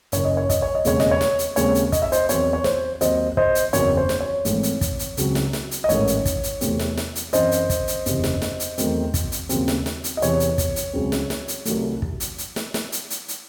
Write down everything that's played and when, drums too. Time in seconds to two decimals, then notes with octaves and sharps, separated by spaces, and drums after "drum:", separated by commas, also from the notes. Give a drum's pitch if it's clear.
0.12 F#1 F#2 D#3 C#5, drum: hi-hat
0.25 D#5
0.37 C#5
0.49 D#5, drum: kick, hi-hat
0.62 C#5
0.75 D#5
0.85 E1 D#2 C#3 G#3 C4 C#5, drum: hi-hat
1.00 D#5, drum: snare
1.11 C#5
1.21 drum: snare
1.39 drum: hi-hat
1.56 D#2 C#3 G#3 C4 C#5, drum: hi-hat
1.75 drum: hi-hat
1.92 D#5, drum: kick, hi-hat
2.02 E5
2.12 C5 D#5, drum: hi-hat
2.29 E2 D#3 F#3 C4 C#5, drum: hi-hat
2.53 C#5
2.64 C5, drum: snare
3.01 D#2 D#3 F#3 C4 C5 D#5, drum: hi-hat
3.37 C5 D#5, drum: kick
3.55 drum: hi-hat
3.73 F#1 E2 D#3 F#3 C4 C#5, drum: hi-hat
3.97 C5
4.09 drum: snare
4.20 C#5
4.45 G#1 G#2 E3 A3 C4, drum: hi-hat
4.63 drum: hi-hat
4.81 drum: kick, hi-hat
4.99 drum: hi-hat
5.17 C#2 C#3 F#3 C4, drum: hi-hat
5.35 drum: snare
5.53 drum: snare
5.71 drum: hi-hat
5.84 D#5
5.89 A1 G#2 D#3 A3 C#5, drum: hi-hat
6.07 drum: hi-hat
6.25 drum: kick, hi-hat
6.43 drum: hi-hat
6.61 E2 C3 E3 A3 C4, drum: hi-hat
6.79 drum: snare
6.97 drum: snare
7.15 drum: hi-hat
7.33 F#2 E3 C4 C5 D#5, drum: hi-hat
7.52 drum: hi-hat
7.70 drum: kick, hi-hat
7.88 drum: hi-hat
8.06 F#1 E2 C3, drum: hi-hat
8.24 drum: snare
8.42 drum: snare
8.60 drum: hi-hat
8.78 E2 D#3 F#3 A3 C4, drum: hi-hat
9.14 drum: kick, hi-hat
9.32 drum: hi-hat
9.49 D#2 C#3 F#3 C4, drum: hi-hat
9.68 drum: snare
9.86 drum: snare
10.04 drum: hi-hat
10.17 D#5
10.22 E2 C3 E3 C4 C#5, drum: hi-hat
10.40 drum: hi-hat
10.58 drum: kick, hi-hat
10.76 drum: hi-hat
10.93 C#2 C#3 F#3 C4
11.12 drum: snare
11.30 drum: snare
11.48 drum: hi-hat
11.65 C2 C3 D#3 F#3 A3, drum: hi-hat
12.02 drum: kick
12.20 drum: hi-hat
12.38 drum: hi-hat
12.56 drum: snare
12.74 drum: snare
12.92 drum: hi-hat
13.10 drum: hi-hat
13.28 drum: hi-hat